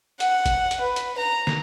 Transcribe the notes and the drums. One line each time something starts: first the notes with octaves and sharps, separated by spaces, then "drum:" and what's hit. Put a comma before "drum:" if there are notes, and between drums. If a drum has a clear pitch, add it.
F#5, drum: hi-hat
drum: kick, hi-hat
drum: hi-hat
B4
drum: hi-hat
A#5
drum: snare